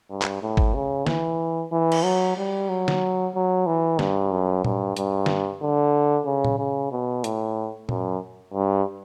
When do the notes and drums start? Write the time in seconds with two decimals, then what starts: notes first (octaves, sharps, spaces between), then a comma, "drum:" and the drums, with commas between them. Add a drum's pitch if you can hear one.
0.10 G2
0.22 drum: clap
0.42 A2
0.57 drum: kick
0.75 C#3
1.07 E3, drum: snare
1.72 E3
1.92 drum: cymbal
2.04 F#3
2.37 G3
2.69 F#3
2.88 drum: snare
3.35 F#3
3.67 E3
3.99 G2, drum: snare
4.32 F#2
4.65 G2, drum: tom A#2
4.97 G2, drum: hi-hat
5.26 drum: snare
5.62 D3
6.26 C#3
6.45 drum: tom A#2
6.58 C#3
6.92 B2
7.24 A2, drum: hi-hat
7.89 F#2, drum: tom A#2
8.54 G2